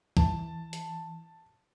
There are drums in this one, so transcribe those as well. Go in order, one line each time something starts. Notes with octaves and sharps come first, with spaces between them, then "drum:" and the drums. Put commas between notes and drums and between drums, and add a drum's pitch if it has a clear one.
E3 A5, drum: kick
drum: hi-hat